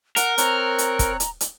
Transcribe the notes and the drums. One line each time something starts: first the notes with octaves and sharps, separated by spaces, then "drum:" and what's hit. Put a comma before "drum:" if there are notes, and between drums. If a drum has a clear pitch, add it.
A#4 F#5, drum: hi-hat
C4 C#5 A#5 F#6, drum: hi-hat
drum: hi-hat
drum: kick, hi-hat
drum: hi-hat
drum: hi-hat